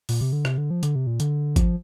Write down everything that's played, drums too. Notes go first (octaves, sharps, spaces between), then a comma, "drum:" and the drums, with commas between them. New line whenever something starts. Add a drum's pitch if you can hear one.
A#2, drum: open hi-hat
C3
D3
C3, drum: rim click
D3
F3
D3, drum: hi-hat
C3
A#2
D3, drum: hi-hat
F3, drum: kick G#1, hi-hat